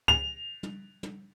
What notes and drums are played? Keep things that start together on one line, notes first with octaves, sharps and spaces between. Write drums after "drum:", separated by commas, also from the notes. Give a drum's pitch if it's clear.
F7, drum: kick C#2
drum: tom
drum: tom